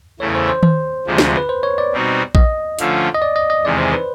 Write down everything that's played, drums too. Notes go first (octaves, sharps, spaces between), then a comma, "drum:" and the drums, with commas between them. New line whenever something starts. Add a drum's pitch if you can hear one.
E2 C#3 E3 A3 C#5
C5
C5
C5, drum: tom D#3
D2 C3 F3 G#3
drum: snare
B4
C5
C#5
D5
B2 G3 C4 D#4 F#4
D#5, drum: kick A#1
D3 F3 A3 C#4 F4, drum: hi-hat
D#5
D5
D#5
D#5
E2 C3 D#3 G#3 D5
C5
B4